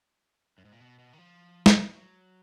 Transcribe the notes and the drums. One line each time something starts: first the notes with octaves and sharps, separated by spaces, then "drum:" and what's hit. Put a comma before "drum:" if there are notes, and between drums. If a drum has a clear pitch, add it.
F#2
G#2
A#2
B2
B2
D#3
F3
drum: snare
F#3